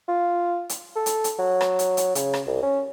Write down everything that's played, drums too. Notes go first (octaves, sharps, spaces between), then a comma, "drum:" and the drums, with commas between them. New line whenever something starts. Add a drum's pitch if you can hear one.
F4
drum: hi-hat
A4
drum: hi-hat
drum: hi-hat
F#3
drum: rim click
drum: hi-hat
drum: hi-hat
C#3, drum: hi-hat
drum: rim click
C2
C#4